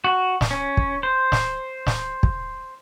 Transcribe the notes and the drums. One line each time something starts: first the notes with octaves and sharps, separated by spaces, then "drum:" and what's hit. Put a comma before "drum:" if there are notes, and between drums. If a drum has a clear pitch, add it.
F#4
drum: snare
C#4
drum: kick
C5
drum: snare
drum: snare
drum: kick